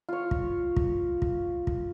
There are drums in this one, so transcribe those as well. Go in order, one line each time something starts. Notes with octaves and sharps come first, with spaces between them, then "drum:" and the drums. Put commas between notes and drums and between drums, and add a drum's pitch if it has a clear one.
F4 C#5
drum: kick
drum: kick
drum: kick
drum: kick